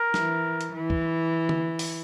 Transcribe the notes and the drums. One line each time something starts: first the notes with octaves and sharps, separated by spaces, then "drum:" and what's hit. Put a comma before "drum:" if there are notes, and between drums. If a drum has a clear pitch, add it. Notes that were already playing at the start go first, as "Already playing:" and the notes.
Already playing: A#4
E3, drum: snare
drum: hi-hat
E3
drum: kick
drum: tom
drum: open hi-hat